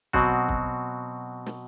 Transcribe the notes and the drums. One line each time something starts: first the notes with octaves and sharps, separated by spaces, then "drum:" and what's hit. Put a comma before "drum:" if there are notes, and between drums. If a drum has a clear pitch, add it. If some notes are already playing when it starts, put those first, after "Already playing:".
B2 F#3 C4 F#4, drum: kick
drum: kick
drum: snare